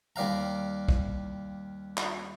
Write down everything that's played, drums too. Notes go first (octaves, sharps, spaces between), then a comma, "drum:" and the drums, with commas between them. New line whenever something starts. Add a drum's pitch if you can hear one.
D#2 G3 D5 F5 A#5
drum: kick
drum: clap